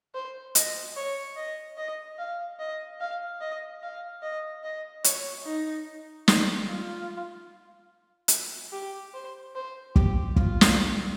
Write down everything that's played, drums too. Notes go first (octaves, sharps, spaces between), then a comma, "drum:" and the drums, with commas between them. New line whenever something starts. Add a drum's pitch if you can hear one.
C5
D#5, drum: hi-hat
C#5
D#5
D#5
F5
D#5
F5
D#5
F5
D#5
D#5
C#5, drum: hi-hat
D#4
D#4, drum: snare
F4
drum: hi-hat
G4
C5
C5
G4, drum: kick
F4, drum: kick
drum: snare